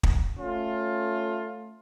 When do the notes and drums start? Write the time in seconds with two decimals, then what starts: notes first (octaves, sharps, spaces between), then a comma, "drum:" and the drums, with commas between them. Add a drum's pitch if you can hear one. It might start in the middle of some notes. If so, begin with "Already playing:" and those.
0.03 drum: kick
0.39 A3 C#4 F4